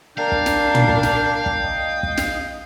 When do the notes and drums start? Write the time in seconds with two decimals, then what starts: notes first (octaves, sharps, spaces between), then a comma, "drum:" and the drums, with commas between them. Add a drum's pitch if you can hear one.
0.17 D4 A#4 F5 G5
0.32 drum: kick
0.46 drum: snare
0.75 drum: tom
0.89 drum: kick
1.03 drum: snare
1.46 drum: kick
1.64 D#5
2.03 drum: kick
2.17 drum: snare